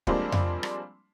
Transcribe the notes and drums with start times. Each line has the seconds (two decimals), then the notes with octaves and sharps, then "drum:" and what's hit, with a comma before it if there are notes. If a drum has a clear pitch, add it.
0.07 F3 G3 G#3 A#3 C4 D4, drum: kick
0.32 drum: tom F2
0.63 drum: rim click